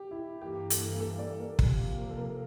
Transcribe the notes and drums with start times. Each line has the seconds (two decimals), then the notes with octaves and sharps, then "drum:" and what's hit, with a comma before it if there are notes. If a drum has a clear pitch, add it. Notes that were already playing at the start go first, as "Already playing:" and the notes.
Already playing: G4
0.11 E4
0.41 G2 E3 A#3 G4
0.70 A4, drum: hi-hat
1.00 A4
1.19 D5
1.40 A#4
1.59 C3 F3 A#3, drum: kick
2.10 A4
2.17 A#4